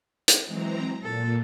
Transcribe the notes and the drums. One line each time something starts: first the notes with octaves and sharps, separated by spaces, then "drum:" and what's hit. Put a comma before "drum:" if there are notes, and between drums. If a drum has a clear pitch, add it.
drum: hi-hat
E3 F#3 G#3 C4 A#5
A#2 A4